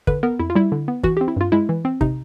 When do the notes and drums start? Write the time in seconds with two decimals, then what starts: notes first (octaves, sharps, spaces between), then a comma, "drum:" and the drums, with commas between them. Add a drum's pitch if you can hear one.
0.07 D3 B4, drum: kick
0.23 B3 A#4
0.40 F2 E4
0.50 F4
0.55 G3 E4
0.72 D3
0.88 B3
1.04 E3 F#4, drum: kick
1.17 G4
1.21 C4
1.28 E4
1.37 G2 F4
1.52 G#3 E4
1.69 E3
1.85 C4
2.01 C3 D#4, drum: kick